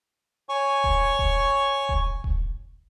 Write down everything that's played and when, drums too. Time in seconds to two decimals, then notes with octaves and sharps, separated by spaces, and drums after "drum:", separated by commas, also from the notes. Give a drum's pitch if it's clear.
0.49 C#5 G#5 C#6
0.84 drum: kick D#1
1.19 drum: kick D#1
1.89 drum: kick D#1
2.24 drum: kick D#1